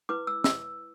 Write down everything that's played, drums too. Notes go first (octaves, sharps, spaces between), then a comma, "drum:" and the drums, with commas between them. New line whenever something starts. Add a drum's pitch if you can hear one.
E4 B4 D6
E6
E6, drum: snare